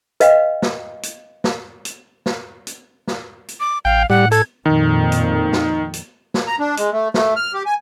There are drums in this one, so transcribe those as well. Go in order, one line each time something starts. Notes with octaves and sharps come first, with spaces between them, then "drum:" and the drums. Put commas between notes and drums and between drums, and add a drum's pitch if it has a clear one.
B4 D#5 F5 G5, drum: hi-hat
drum: snare
drum: hi-hat
drum: snare
drum: hi-hat
drum: snare
drum: hi-hat
drum: snare
drum: hi-hat
D6
A1 F5 G5
A2 G3 F#5
A4 G#6, drum: hi-hat
F2 A#2 D#3
drum: hi-hat
drum: snare
drum: hi-hat
drum: snare
A#5
D4
G#3, drum: hi-hat
A3
A3, drum: snare
F6
G4
G#5